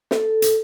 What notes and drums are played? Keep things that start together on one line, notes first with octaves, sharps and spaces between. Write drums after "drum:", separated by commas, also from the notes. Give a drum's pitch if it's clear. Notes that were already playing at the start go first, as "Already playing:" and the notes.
A4, drum: snare
drum: hi-hat